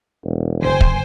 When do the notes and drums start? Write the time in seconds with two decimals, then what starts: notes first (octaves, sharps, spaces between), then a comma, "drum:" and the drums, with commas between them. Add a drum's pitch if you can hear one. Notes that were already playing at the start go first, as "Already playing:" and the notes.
0.25 E1
0.62 F#1 D3 C5 G5 G#5
0.81 drum: kick